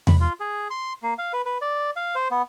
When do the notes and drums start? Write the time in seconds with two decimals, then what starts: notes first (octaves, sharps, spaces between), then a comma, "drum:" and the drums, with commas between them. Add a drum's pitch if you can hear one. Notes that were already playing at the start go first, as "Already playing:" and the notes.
0.07 B5, drum: tom E2
0.20 F4
0.40 G#4
0.70 C6
1.03 A#3
1.18 F5
1.33 B4
1.46 B4
1.62 D5
1.96 F5
2.15 C5
2.31 B3